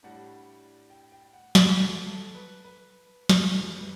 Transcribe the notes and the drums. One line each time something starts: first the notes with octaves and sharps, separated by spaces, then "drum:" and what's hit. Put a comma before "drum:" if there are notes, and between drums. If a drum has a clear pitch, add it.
A2 G3 D4 F#5
G5
G5
F#5
E5, drum: snare
A4
A4
B4
B4
drum: snare
F#2 E3 G3 A4
B4